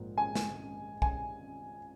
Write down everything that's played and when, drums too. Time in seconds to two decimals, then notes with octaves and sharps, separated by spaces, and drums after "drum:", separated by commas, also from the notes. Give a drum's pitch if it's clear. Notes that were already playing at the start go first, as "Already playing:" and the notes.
Already playing: A#1 G#2 A#3
0.18 G#5
0.35 drum: snare
1.02 G#5, drum: kick B1